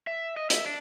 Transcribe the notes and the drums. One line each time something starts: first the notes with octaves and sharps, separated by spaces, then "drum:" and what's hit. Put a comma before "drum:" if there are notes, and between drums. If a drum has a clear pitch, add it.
E5
D#5
E5, drum: hi-hat
D4